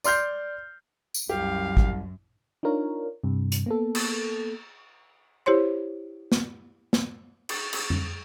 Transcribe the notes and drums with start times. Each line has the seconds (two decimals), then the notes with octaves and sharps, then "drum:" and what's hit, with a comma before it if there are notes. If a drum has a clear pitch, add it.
0.04 D5 C6 F6 G6 C7, drum: tambourine
1.14 drum: tambourine
1.29 C2 F#2 G4 F5
1.77 drum: kick
2.63 D4 D#4 F4 A#4 C#5
3.24 G2 C3
3.52 drum: hi-hat
3.66 A#3 B3 A4
3.95 drum: cymbal
5.46 E4 G4 C5 C#5 C6
6.32 drum: snare
6.93 drum: snare
7.49 drum: cymbal
7.73 drum: cymbal
7.90 drum: tom F2